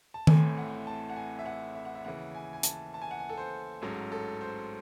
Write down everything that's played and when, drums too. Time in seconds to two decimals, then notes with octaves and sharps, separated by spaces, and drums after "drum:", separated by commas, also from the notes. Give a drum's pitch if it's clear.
0.14 A5
0.27 A1 A2 E3 A3 C4 G#5, drum: tom D#3
0.57 F#5
0.87 A5
1.09 F#5
1.16 G#5
1.39 E5
1.46 F#5
1.75 E5
1.85 F#5
1.95 E5
2.05 D#2 C#3 E3 F#5
2.35 G#5
2.53 G#5
2.63 A5, drum: hi-hat
2.94 A5
3.02 G#5
3.11 F#5
3.19 G#5
3.29 A4
3.38 C5
3.82 A1 G#2 F#3 C#4 A4
4.12 A4
4.41 C5